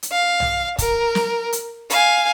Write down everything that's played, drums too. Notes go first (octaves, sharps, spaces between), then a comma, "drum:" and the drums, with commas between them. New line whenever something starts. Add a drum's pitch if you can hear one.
drum: hi-hat
F5
drum: tom B1
A#4, drum: kick, hi-hat
drum: snare
drum: hi-hat
F5 G#5, drum: hi-hat